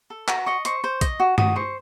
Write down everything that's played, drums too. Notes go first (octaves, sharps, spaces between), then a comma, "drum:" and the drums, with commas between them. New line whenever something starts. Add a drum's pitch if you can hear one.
A4
F#4 A#5, drum: clap
D#5 C#6
C5 C#6, drum: hi-hat
C5
D#5, drum: kick, hi-hat
F#4
F#4 D#6, drum: tom G2
C5 C#6